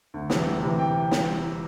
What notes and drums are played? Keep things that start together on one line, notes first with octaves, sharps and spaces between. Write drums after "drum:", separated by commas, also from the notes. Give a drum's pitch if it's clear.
D2
C3 E3, drum: snare
D2
C3 E3
G5
drum: snare